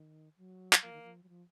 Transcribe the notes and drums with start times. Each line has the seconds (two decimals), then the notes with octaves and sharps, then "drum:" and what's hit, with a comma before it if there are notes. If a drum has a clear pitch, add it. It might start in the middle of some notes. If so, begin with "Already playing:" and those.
Already playing: D#3
0.38 F#3
0.73 drum: clap
0.83 F3 A#3
0.93 D#3
1.03 F3
1.23 F#3
1.29 F3